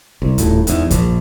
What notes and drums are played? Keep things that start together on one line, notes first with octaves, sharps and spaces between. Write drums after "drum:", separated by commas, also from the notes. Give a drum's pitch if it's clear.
C2
D#1 A2, drum: hi-hat
E2 G#2, drum: hi-hat
A#1, drum: kick, hi-hat